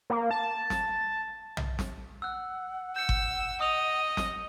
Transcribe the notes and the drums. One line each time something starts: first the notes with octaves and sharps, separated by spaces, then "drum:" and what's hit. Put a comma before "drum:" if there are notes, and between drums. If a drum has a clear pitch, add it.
A#3
A5
drum: snare
drum: tom B1
drum: snare
F#5 E6 F#6
E6 G6 C#7
drum: kick G1
D#5 D#6 F7
drum: snare